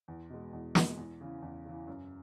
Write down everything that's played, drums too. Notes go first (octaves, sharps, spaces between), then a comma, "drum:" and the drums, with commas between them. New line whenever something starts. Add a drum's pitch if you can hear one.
E2
B2 G#3
E2
B2 G#3, drum: snare
E2
C#3 E3
E2
C#3 E3
F#2